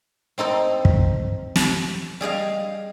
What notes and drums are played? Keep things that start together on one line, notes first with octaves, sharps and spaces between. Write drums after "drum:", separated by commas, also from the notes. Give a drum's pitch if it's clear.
C4 D#4 A4 C5
drum: kick
drum: snare
G3 G#4 D#5 F5